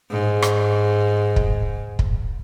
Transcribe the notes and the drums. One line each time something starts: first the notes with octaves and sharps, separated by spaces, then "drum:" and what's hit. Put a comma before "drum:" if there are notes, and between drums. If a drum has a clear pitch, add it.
G#2
drum: rim click
drum: kick
drum: kick